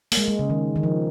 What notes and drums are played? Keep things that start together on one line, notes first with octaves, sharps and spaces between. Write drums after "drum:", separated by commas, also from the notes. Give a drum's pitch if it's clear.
A#3, drum: open hi-hat
G#3
G#3
C#3
D#3
D#3
F3